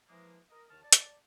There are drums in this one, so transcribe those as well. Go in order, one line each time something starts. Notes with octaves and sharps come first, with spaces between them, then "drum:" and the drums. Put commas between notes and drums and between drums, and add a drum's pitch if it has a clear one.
E3 F3 G#3 A#3
A#4 D#5
D#2 D#3 A5 F6
D5 A5
drum: hi-hat